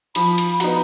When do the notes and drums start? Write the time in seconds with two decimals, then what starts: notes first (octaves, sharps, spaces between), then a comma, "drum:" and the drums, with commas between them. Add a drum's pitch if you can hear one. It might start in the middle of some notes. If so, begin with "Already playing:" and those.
0.15 F3 B5, drum: hi-hat
0.38 drum: hi-hat
0.53 B5
0.60 B3 D#4 F#4 A#5, drum: hi-hat